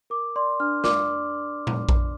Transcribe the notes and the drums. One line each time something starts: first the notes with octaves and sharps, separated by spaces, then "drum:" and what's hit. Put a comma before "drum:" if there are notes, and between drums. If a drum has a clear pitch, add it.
A#4 D6
D5 C6
D4 F6
D5 D6, drum: snare
drum: tom A#2
drum: kick A#1